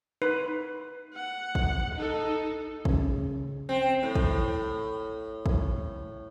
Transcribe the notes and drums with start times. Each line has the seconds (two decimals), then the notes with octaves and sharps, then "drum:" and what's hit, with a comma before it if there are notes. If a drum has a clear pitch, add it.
0.22 D#4 B4
1.14 F#5
1.55 drum: kick
1.95 D#4 A4
2.85 C#3, drum: kick
3.69 C4
4.03 A2
4.15 drum: kick
5.46 drum: kick